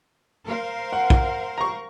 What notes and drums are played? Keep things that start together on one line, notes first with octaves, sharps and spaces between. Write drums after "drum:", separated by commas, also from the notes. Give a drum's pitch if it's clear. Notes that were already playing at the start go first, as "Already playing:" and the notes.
A#4 C5 F5
F#5
drum: kick
A#5 C#6